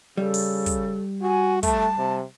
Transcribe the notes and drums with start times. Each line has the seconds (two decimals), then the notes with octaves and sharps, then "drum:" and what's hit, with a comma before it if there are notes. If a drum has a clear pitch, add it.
0.17 C#3 G3 A4
0.34 drum: open hi-hat
0.66 drum: kick, hi-hat
1.22 F#4 G#5
1.63 A3 A5, drum: kick, hi-hat
1.98 C3